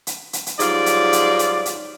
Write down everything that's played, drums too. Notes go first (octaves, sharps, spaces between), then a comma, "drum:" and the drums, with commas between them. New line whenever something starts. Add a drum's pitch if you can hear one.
drum: hi-hat
drum: hi-hat
drum: hi-hat
G#2 F#3 G3 F4 D5, drum: hi-hat
drum: hi-hat
drum: hi-hat
drum: hi-hat
drum: hi-hat